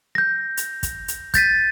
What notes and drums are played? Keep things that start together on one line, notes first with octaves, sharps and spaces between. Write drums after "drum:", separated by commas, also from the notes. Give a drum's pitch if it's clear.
G6 A#6
drum: hi-hat
drum: kick, hi-hat
drum: hi-hat
G6 A6 B6 D#7, drum: kick, hi-hat